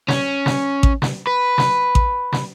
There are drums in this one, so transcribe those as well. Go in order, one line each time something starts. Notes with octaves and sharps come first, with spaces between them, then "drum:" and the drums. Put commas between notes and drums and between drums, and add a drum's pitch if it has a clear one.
C#4, drum: snare
drum: snare
drum: kick A1
drum: snare
B4
drum: snare
drum: kick A1
drum: snare